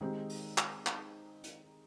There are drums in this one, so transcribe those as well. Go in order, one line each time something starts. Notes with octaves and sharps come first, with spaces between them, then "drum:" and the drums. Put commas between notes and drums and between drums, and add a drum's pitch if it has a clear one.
D#3 G#3 C4 D#4 G4
drum: open hi-hat
drum: clap
drum: clap
drum: hi-hat